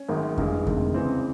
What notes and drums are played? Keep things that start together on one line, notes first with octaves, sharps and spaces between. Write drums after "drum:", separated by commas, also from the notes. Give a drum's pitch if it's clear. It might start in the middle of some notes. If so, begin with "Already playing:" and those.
Already playing: C#4
G#1 F#2 D#3 G#3
A1 G2 E3 G#3, drum: kick F2
D2 C3 D#3 G#3, drum: kick F2
E2 C#3 E3 G#3 C4